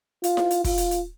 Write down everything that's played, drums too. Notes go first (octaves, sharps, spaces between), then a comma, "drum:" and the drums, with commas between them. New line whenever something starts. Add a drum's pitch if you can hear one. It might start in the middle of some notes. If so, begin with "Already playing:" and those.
F4, drum: hi-hat
drum: snare E4
drum: hi-hat
F4, drum: kick, open hi-hat
drum: hi-hat
drum: hi-hat